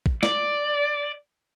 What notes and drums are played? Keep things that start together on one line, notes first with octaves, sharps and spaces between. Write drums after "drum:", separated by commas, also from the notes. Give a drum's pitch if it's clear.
drum: kick
D5, drum: snare